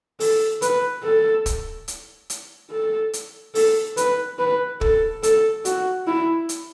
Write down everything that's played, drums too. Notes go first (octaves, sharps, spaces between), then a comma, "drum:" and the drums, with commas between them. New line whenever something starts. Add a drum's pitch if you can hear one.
A4, drum: open hi-hat
B4, drum: hi-hat
A4
drum: kick, hi-hat
drum: hi-hat
drum: hi-hat
A4
drum: hi-hat
A4, drum: open hi-hat
B4, drum: hi-hat
B4
A4, drum: kick
A4, drum: hi-hat
F#4, drum: hi-hat
E4
drum: hi-hat